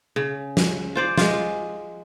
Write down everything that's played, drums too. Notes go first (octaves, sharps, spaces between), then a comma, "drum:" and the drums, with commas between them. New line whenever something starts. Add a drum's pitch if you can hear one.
C#3
drum: snare
F4 C5 D5
G#3 F4, drum: snare